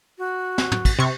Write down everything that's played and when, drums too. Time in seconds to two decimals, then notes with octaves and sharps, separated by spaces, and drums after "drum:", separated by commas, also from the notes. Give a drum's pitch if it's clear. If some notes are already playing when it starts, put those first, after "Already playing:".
0.18 F#4
0.58 drum: snare
0.72 drum: tom
0.85 drum: kick, cymbal
0.99 C3 C#6